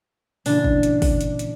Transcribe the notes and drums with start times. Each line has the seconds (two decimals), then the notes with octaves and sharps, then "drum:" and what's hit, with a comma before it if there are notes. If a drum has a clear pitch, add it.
0.46 A#2 C#3 E3 D4, drum: open hi-hat
0.64 drum: kick
0.83 drum: hi-hat
1.02 drum: kick, open hi-hat
1.21 drum: hi-hat
1.39 drum: hi-hat